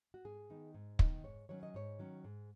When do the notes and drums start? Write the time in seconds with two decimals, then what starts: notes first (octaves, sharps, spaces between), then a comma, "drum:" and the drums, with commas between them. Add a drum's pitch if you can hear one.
0.14 F#4
0.25 G#2 G#4
0.50 D#3 B3 D#4
0.74 G#2
0.99 D#3 B3 D#4, drum: kick
1.24 G#2 C#5
1.49 D#3 F#3 C#4 C#5
1.63 D#5
1.74 G#2 C#5
1.99 D#3 F#3 C#4
2.24 G#2